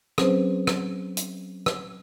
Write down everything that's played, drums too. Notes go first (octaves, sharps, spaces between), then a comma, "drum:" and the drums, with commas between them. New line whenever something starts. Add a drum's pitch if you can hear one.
F#3 C4 C#4 G#4 B4 C5, drum: rim click
drum: rim click
drum: hi-hat
drum: rim click